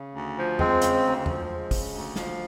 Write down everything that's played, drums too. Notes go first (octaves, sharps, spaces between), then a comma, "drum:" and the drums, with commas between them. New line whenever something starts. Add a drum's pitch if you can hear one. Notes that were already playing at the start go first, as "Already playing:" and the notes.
Already playing: C#3
D2
F3
G#3 C4, drum: tom E2
C#3, drum: hi-hat
D2
F3, drum: tom E2
G#3
C#3, drum: kick, open hi-hat
D2
F3, drum: snare